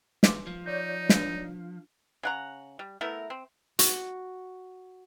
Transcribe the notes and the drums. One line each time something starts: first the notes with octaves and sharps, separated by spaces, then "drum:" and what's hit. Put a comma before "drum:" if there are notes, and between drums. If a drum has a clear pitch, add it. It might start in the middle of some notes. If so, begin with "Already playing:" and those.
B4 C6 D6, drum: snare
F3
D#4 C#5 D5 G6
D4 B4, drum: snare
C#3 F#5 A#5
G3
A3 B3 E4 A#4
C4
F#4, drum: hi-hat